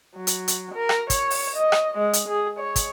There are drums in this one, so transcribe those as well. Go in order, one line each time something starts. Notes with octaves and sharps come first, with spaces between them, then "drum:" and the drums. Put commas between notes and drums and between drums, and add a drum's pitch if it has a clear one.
F#3
drum: hi-hat
drum: hi-hat
A#4
drum: rim click
C#5, drum: kick, hi-hat
drum: open hi-hat
D#5
drum: rim click
G#3
drum: hi-hat
G#4
C#5
drum: kick, hi-hat